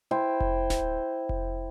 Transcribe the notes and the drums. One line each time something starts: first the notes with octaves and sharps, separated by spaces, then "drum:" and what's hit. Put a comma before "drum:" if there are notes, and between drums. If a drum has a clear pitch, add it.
E4 C5 G5
drum: kick F1
drum: snare D1
drum: kick F1